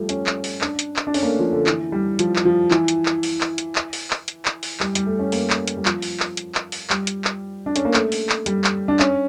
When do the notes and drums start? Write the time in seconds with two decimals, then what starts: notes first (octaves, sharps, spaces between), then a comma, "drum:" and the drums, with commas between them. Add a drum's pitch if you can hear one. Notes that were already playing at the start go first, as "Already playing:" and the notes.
Already playing: F3 G3 A3
0.09 C#4, drum: hi-hat
0.26 drum: clap
0.44 drum: open hi-hat
0.61 D4, drum: clap
0.79 drum: hi-hat
0.96 drum: clap
1.07 D4
1.14 C#4, drum: open hi-hat
1.22 A#3
1.27 A3
1.39 F3
1.53 D3
1.66 E3, drum: clap
1.92 G3
2.19 F3, drum: hi-hat
2.36 drum: clap
2.45 F3
2.71 E3, drum: clap
2.88 drum: hi-hat
3.06 drum: clap
3.23 drum: open hi-hat
3.41 drum: clap
3.58 drum: hi-hat
3.76 drum: clap
3.93 drum: open hi-hat
4.10 drum: clap
4.28 drum: hi-hat
4.45 drum: clap
4.63 drum: open hi-hat
4.80 G3, drum: clap
4.95 G3, drum: hi-hat
5.06 A3
5.19 C#4
5.32 A#3, drum: open hi-hat
5.50 drum: clap
5.67 drum: hi-hat
5.77 G3
5.85 F3, drum: clap
6.02 drum: open hi-hat
6.20 drum: clap
6.37 drum: hi-hat
6.55 drum: clap
6.72 drum: open hi-hat
6.90 G3, drum: clap
7.07 drum: hi-hat
7.25 drum: clap
7.66 D4
7.76 C#4, drum: hi-hat
7.85 A#3
7.94 A3, drum: clap
8.12 drum: open hi-hat
8.29 drum: clap
8.46 G3, drum: hi-hat
8.64 drum: clap
8.88 D4
8.99 C#4, drum: clap